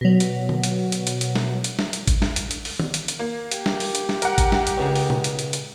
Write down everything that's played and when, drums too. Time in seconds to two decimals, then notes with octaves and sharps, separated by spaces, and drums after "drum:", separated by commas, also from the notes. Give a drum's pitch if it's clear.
0.01 B2 F#3
0.20 drum: hi-hat
0.49 drum: tom D3
0.64 drum: hi-hat
0.92 drum: hi-hat
1.07 drum: hi-hat
1.21 drum: hi-hat
1.35 drum: snare
1.64 drum: hi-hat
1.79 drum: snare
1.93 drum: hi-hat
2.07 drum: kick G#1, hi-hat
2.22 drum: snare
2.36 drum: hi-hat
2.51 drum: hi-hat
2.65 drum: open hi-hat
2.79 drum: tom D#3
2.94 drum: hi-hat
3.08 drum: hi-hat
3.19 A#3
3.51 G4, drum: hi-hat
3.66 drum: snare
3.80 drum: open hi-hat
3.95 drum: hi-hat
4.09 drum: snare
4.22 A#4 F#5, drum: hi-hat
4.38 drum: kick G#1, hi-hat
4.52 drum: snare
4.67 drum: hi-hat
4.78 C#2 C#3 G#4
4.95 drum: open hi-hat
5.10 drum: tom A#2
5.24 drum: hi-hat
5.39 drum: hi-hat
5.53 drum: hi-hat